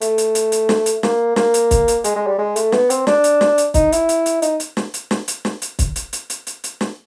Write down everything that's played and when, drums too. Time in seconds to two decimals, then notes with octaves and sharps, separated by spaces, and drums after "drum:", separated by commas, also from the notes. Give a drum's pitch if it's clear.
0.01 A3, drum: hi-hat
0.18 drum: hi-hat
0.35 drum: hi-hat
0.52 drum: hi-hat
0.69 drum: snare
0.86 drum: hi-hat
1.03 A#3, drum: snare
1.36 A#3, drum: snare
1.54 drum: hi-hat
1.71 drum: kick, hi-hat
1.88 drum: hi-hat
2.04 G#3, drum: hi-hat
2.16 G#3
2.27 G3
2.38 G#3
2.56 A3, drum: hi-hat
2.72 B3, drum: snare
2.90 C4, drum: hi-hat
3.07 D4, drum: snare
3.24 drum: hi-hat
3.41 drum: snare
3.58 drum: hi-hat
3.74 D#4, drum: kick, hi-hat
3.92 E4, drum: hi-hat
4.09 drum: hi-hat
4.26 drum: hi-hat
4.42 D#4, drum: hi-hat
4.60 drum: hi-hat
4.77 drum: snare
4.94 drum: hi-hat
5.11 drum: snare
5.28 drum: hi-hat
5.45 drum: snare
5.62 drum: hi-hat
5.79 drum: kick, hi-hat
5.96 drum: hi-hat
6.13 drum: hi-hat
6.30 drum: hi-hat
6.47 drum: hi-hat
6.64 drum: hi-hat
6.81 drum: snare